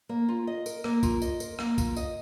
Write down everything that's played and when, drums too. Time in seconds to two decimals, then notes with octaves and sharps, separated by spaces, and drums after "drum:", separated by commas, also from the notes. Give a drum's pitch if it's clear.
0.09 A#3
0.28 F4
0.47 D#5
0.66 A#4, drum: tambourine
0.84 A#3, drum: rim click
1.03 F4, drum: kick C2, tambourine
1.22 D#5, drum: tambourine
1.40 A#4, drum: tambourine
1.59 A#3, drum: rim click
1.78 F4, drum: kick C2, tambourine
1.96 D#5, drum: tambourine